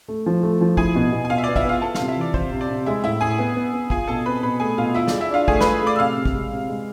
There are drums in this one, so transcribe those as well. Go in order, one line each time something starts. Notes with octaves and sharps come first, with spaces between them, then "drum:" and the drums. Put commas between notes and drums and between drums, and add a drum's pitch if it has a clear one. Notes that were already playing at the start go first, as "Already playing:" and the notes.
A3
F3
A3
F3
E4 G#4 G#5, drum: kick
B2
B2
G#5
B2 F4 F5
E5
D5
B3
E4 E5, drum: kick
B3 F4 F5
B3 A4 A5
C3 F4 F5, drum: snare
E4 E5
E3 D5
C3 C5, drum: kick
C3
D5
C3
G#3 E4 E5
A2 E4 E5
A2 G#4 G#5
B3
B3
B3
F4 G#4 G#5, drum: kick
B2 A4 A5
C4 B4 B5
B2 B4 B5
A3 G#4 G#5
B2 F4 F5
E4 F4 E5
D5, drum: snare
G#4
E4 E5
D4 F4 F5
A3 G#4 G#5, drum: kick
B4 B5, drum: snare
G#4
A3 D5 D6
E6
C3 F5 F6
C3
drum: kick
G#3
C3
G#3